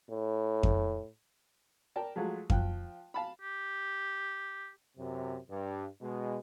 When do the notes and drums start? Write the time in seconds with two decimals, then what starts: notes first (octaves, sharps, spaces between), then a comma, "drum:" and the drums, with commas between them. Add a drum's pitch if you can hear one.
0.10 A2
0.63 drum: kick F2
1.96 A#4 D5 G5 A5
2.16 F3 F#3 G#3 A3
2.50 F3 G5 F#6, drum: kick F2
3.14 F5 A5 B5
3.41 G4
4.97 F#2 C3
5.50 G2
6.01 B2 G#3